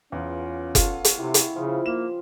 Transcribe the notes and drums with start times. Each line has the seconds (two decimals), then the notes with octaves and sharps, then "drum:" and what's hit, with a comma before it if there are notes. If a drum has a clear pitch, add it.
0.12 E2 C#3 B3 C#4 F4
0.75 F4 A4 F#5, drum: kick F#1, hi-hat
1.05 drum: hi-hat
1.18 C3 E4 G4
1.34 drum: hi-hat
1.56 C#3 F3 F4
1.86 A#3 E7